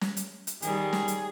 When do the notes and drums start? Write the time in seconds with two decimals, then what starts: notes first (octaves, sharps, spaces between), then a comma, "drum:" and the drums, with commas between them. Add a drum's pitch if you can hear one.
0.01 drum: snare
0.17 drum: hi-hat
0.47 drum: hi-hat
0.62 D#3 G3 G#4, drum: hi-hat
0.93 drum: snare
1.08 drum: hi-hat